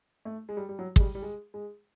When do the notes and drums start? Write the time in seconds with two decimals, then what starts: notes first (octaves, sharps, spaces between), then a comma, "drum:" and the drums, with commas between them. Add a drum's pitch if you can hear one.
0.25 A3
0.49 G#3
0.57 G3
0.69 G3
0.79 F#3
0.96 G#3, drum: kick
1.00 G3
1.15 G3
1.22 G#3
1.54 G#3